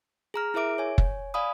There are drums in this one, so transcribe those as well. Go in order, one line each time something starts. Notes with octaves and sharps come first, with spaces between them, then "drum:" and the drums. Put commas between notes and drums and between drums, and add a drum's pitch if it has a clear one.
G#4 A#5 F6
E4 G#4 A#4 E5 D6 D7
C#5 G#5
drum: kick F#1
D5 F5 G#5 B5 D#6